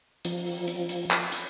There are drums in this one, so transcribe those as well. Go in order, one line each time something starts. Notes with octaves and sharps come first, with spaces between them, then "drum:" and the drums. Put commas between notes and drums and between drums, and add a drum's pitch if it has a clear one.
F3, drum: hi-hat
drum: open hi-hat
drum: hi-hat
drum: hi-hat
drum: clap
drum: hi-hat